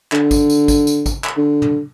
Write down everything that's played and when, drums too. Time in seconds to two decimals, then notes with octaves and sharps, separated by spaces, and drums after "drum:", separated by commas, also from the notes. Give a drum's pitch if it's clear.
0.12 D3, drum: clap
0.31 drum: kick G#1, tambourine
0.50 drum: tambourine
0.68 drum: kick G#1, tambourine
0.87 drum: tambourine
1.06 drum: kick G#1, tambourine
1.24 drum: clap
1.37 D3
1.62 drum: tom